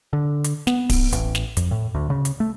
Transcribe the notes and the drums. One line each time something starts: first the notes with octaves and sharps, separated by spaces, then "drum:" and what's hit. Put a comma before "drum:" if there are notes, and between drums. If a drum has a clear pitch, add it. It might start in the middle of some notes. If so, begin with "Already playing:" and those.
D3
drum: hi-hat
B3, drum: snare
drum: kick D1, open hi-hat
A1, drum: hi-hat
drum: snare
F2, drum: hi-hat
A2
D2
C#3
drum: hi-hat
A3